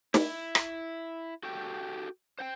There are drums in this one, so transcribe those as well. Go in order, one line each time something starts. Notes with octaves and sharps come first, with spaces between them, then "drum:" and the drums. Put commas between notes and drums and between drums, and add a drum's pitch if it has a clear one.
E4, drum: snare
drum: rim click
F#4 G4 A4 G5
C5 F#5 G5